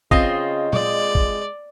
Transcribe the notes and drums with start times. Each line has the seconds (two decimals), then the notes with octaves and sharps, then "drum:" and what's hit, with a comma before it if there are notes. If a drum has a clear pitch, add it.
0.11 C#3 C4 F4 D#5, drum: kick
0.73 G#3 D5, drum: tom A#2
1.15 drum: kick